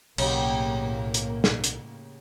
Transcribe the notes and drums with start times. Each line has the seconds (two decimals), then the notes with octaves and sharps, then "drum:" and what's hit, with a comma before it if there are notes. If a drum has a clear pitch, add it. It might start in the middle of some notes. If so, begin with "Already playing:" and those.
0.18 B1 A2 C#3 A#3 C#4 G4, drum: cymbal
1.14 drum: hi-hat
1.44 drum: snare
1.64 drum: hi-hat